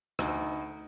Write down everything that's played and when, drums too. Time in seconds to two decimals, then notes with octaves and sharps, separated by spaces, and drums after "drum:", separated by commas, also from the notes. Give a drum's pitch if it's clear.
0.19 D2 D#4, drum: rim click